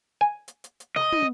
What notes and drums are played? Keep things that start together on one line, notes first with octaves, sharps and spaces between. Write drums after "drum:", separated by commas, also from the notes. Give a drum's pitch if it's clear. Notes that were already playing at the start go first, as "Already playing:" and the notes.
G#5
drum: hi-hat
drum: hi-hat
drum: hi-hat
D#5, drum: snare
drum: tom